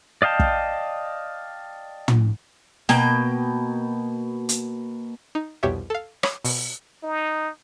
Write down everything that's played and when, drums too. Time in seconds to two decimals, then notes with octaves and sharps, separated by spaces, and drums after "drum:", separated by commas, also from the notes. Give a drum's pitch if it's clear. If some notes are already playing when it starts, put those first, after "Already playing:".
0.22 D5 D#5 F5 G5 A5
0.39 drum: kick
2.08 drum: tom
2.89 B2 A#3 G5, drum: snare
4.49 drum: hi-hat
5.35 D#4
5.63 C2 F2 B2 G4 C#5 E5
5.90 A4 F5
6.23 C#5 B5 D#6, drum: rim click
6.45 B2, drum: open hi-hat
7.03 D#4